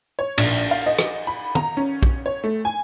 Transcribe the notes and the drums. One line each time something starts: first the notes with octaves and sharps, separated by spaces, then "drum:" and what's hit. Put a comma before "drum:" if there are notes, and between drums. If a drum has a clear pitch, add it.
C#5
A#1, drum: cymbal
F5
D#5
drum: rim click
B5
A#5, drum: tom
C#4
drum: kick
C#5
A3
G#5